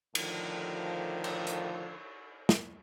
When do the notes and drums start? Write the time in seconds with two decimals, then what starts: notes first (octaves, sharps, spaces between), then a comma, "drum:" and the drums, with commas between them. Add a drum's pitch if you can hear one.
0.15 A2 D3 D#3 F3, drum: cymbal
1.24 drum: cymbal
1.47 drum: hi-hat
2.49 drum: snare